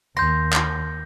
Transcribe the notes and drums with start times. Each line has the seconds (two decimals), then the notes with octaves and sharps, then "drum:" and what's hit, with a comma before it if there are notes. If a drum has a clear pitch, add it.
0.17 D#2 C6 G6 A#6
0.53 drum: clap